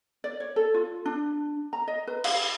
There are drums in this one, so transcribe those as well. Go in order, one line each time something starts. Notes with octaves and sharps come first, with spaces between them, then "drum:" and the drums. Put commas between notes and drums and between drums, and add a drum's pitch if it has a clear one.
D5
C#5
A4
F4
D4
A#5
D#5
B4
F5, drum: cymbal